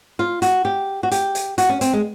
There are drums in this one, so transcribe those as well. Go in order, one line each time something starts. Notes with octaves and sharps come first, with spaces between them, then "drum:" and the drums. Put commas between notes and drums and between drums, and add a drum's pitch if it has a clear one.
F4
F#4, drum: hi-hat
G4
F#4
G4, drum: hi-hat
drum: hi-hat
F#4, drum: hi-hat
C#4
C4, drum: hi-hat
G#3